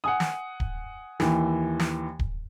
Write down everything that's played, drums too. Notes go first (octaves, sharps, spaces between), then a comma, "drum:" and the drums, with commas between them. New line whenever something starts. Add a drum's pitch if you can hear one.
F#5 G#5 D#6
drum: snare
drum: kick D1
D#2 E3, drum: snare
drum: snare
drum: kick D1